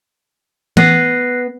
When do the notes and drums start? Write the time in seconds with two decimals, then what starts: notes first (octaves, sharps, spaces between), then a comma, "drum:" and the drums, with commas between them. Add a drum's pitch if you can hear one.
0.77 B3 F#6 A#6 C7, drum: tom E3